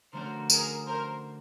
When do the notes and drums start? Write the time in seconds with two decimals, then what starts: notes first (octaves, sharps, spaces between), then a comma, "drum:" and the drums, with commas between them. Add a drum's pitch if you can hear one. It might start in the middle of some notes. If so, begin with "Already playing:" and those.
0.13 D3 F3 A3 C#4 F#4 A#4 C5
0.50 G#4 A#4, drum: tambourine
0.87 A#4 C5